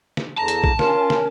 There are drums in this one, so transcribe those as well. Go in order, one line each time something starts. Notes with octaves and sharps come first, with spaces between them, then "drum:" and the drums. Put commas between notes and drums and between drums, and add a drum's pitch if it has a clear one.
drum: snare
E2 D3 A5 A#5
drum: hi-hat
drum: kick
C#4 F4 A#4, drum: snare
drum: snare